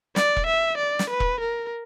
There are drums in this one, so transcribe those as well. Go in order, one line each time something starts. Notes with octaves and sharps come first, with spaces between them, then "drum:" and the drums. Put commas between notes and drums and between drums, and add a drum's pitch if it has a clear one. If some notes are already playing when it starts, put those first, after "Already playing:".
D5, drum: snare
drum: kick E1
E5
D5
drum: snare
B4
drum: kick E1
A#4